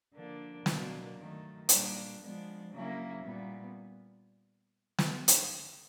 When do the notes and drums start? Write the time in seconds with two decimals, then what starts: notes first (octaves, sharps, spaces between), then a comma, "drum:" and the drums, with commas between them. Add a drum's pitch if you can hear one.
0.14 D3 F3 A#3 D4
0.66 B2 F#3 A#3 D4, drum: snare
1.17 D#3 F#3 A3
1.69 A#2 G3 A#3 D4, drum: hi-hat
2.21 F3 G#3 B3 D4
2.72 C#3 F#3 A#3 C#4 E4
3.24 A#2 G3 B3
4.98 drum: snare
5.28 drum: hi-hat